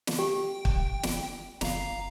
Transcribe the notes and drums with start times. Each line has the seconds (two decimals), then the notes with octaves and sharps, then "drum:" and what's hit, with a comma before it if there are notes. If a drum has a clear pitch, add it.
0.07 drum: snare
0.19 G4 G5
0.65 drum: kick
1.03 drum: snare
1.61 F#1 F5 A#5, drum: snare